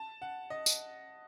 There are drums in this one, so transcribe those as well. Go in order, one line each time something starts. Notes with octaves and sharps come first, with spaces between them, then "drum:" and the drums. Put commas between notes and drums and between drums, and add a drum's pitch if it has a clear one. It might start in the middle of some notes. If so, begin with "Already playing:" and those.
Already playing: A5
F#5
D#5
drum: tambourine